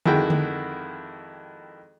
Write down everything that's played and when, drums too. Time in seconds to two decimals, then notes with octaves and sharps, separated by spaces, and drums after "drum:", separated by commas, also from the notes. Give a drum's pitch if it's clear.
0.05 F2 D#3 G#3 E4 F#4 G5, drum: tom D3
0.30 drum: tom D3